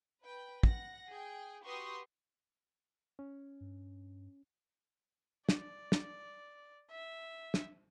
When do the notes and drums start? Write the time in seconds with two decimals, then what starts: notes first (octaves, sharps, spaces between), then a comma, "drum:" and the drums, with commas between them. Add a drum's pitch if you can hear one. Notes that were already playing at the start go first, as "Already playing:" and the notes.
0.23 B4 G5
0.63 F#5 A#6, drum: kick
1.10 G#4 G5
1.64 F#4 G4 B4 C6 C#6 D#6
3.19 C#4
3.61 G2
5.49 D5, drum: snare
5.92 drum: snare
6.91 E5
7.54 drum: snare